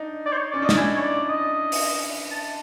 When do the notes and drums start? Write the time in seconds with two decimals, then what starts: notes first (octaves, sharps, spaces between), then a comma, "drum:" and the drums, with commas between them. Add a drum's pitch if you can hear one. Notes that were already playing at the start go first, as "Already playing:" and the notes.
Already playing: D4 D#4
0.26 D5
0.32 C5
0.38 C#5
0.51 C#4 D5
0.62 D4 D#5
0.69 D#4, drum: snare
0.77 E4 G#5
0.96 C#5
1.03 D5
1.29 D#5
1.72 drum: open hi-hat
2.32 A5